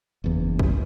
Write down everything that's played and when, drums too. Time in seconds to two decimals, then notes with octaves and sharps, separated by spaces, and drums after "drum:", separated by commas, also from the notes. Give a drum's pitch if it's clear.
0.24 F#1 E2
0.59 drum: kick